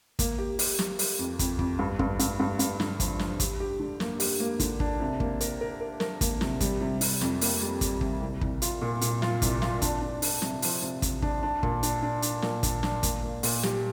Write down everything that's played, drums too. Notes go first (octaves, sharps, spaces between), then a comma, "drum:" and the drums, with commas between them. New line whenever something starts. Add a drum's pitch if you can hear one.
A#3, drum: kick, hi-hat
G4
G4, drum: open hi-hat
G4, drum: snare
G4, drum: open hi-hat
F2
F2, drum: kick, hi-hat
F2, drum: kick
G2
G2, drum: kick
G2, drum: hi-hat
G2
G2, drum: hi-hat
D3, drum: snare
F3, drum: kick, hi-hat
F3, drum: snare
G4, drum: kick, hi-hat
G4
D3
A#3, drum: snare
G4, drum: open hi-hat
A#3
D3, drum: kick, hi-hat
D4, drum: kick
C3
A#3, drum: kick
A#4, drum: hi-hat
A#4
A#4
A#4, drum: snare
A#3, drum: kick, hi-hat
C3, drum: snare
G3, drum: kick, hi-hat
C3
C3, drum: open hi-hat
F2, drum: snare
A#3, drum: open hi-hat
G3
G3, drum: kick, hi-hat
C3, drum: kick
C2
C2, drum: kick
F4, drum: hi-hat
A#2
A#2, drum: hi-hat
F4, drum: snare
C2, drum: kick, hi-hat
F4, drum: snare
D4, drum: kick, hi-hat
D4
D4, drum: open hi-hat
C3, drum: snare
F3, drum: open hi-hat
C3
C3, drum: kick, hi-hat
D4, drum: kick
D4
A#2, drum: kick
D4, drum: hi-hat
D4
D4, drum: hi-hat
A#2, drum: snare
D4, drum: kick, hi-hat
D4, drum: snare
A#3, drum: kick, hi-hat
A#3
A#2, drum: open hi-hat
G4, drum: snare